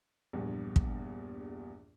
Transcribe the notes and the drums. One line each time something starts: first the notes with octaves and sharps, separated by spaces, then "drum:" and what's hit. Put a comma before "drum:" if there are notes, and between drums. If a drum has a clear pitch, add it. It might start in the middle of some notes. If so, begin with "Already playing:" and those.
A#1 E2 G2
drum: kick